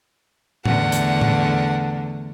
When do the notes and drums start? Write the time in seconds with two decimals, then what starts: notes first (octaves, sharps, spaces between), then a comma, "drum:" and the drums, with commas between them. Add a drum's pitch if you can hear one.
0.65 E2 D3 A3 F#5, drum: tom A2
0.92 drum: hi-hat
1.21 drum: tom A2